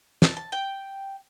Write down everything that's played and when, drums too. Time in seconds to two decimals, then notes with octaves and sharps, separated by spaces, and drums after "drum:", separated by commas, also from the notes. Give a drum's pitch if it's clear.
0.22 A5, drum: snare
0.37 A5
0.52 G5